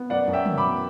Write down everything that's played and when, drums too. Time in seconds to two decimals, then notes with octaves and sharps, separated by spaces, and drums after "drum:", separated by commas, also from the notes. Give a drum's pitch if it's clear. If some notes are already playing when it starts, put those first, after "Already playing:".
Already playing: B3
0.10 F#2 D5 F#5
0.28 F#2
0.33 E5 G5
0.46 F#2, drum: tom
0.58 B5 D6
0.63 B3